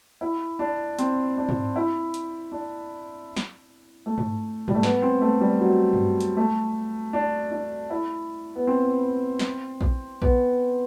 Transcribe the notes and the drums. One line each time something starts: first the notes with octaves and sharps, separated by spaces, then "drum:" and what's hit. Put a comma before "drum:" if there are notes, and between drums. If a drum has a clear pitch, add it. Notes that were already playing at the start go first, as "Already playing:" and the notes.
E4
D4
C4, drum: hi-hat
D4
drum: tom G#2
E4
drum: hi-hat
D4
drum: snare
A3
drum: tom G#2
G3, drum: tom G#2
A3
B3, drum: snare
C4
A3
G3
F#3
drum: tom G2
drum: hi-hat
A3
D4
D4
E4
B3
C4
drum: snare
drum: kick
B3, drum: kick